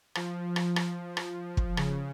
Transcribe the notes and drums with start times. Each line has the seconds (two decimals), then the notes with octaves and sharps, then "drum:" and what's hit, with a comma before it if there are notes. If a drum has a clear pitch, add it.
0.15 F3, drum: rim click
0.56 drum: rim click
0.76 drum: rim click
1.17 drum: rim click
1.57 drum: kick
1.77 C#3, drum: rim click